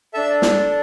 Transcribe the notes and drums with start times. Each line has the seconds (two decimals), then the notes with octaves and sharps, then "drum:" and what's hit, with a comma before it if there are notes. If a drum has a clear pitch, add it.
0.13 D4 A4 E5 E6
0.42 drum: snare